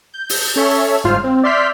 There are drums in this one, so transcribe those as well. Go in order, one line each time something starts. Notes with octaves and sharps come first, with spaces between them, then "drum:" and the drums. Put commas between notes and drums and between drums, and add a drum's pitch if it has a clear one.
G6
drum: open hi-hat
C#4 A4 C#5 E5
G1 G#2 F4 C5 F6
C4
D5 E5 C6 F6 G6 B6